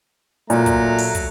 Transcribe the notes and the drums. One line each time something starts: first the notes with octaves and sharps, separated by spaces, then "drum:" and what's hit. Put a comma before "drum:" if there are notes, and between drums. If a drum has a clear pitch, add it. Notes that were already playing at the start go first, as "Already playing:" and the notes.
A#2 F#3 A3 A#5, drum: hi-hat
drum: kick, hi-hat
drum: open hi-hat
drum: kick, hi-hat